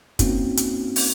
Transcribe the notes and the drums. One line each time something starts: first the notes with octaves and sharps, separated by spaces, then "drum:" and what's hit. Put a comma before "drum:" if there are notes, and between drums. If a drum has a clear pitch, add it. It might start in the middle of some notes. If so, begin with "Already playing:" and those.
A#3 C4 C#4 D#4 F#4, drum: kick, hi-hat
drum: hi-hat
drum: open hi-hat